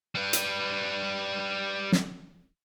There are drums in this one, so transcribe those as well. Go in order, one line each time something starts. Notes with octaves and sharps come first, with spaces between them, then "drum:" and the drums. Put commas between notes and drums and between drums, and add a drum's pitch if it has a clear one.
G3 B4
drum: hi-hat
drum: snare